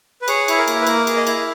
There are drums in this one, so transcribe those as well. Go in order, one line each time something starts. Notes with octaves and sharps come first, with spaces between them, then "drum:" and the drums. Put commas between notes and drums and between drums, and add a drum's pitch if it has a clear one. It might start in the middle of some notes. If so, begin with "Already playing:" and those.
B4
G#4 C#5, drum: cymbal
E4, drum: cymbal
A#4
A#3, drum: cymbal
B4
A#3 A#4, drum: cymbal
G#4, drum: cymbal
D#5
E4, drum: cymbal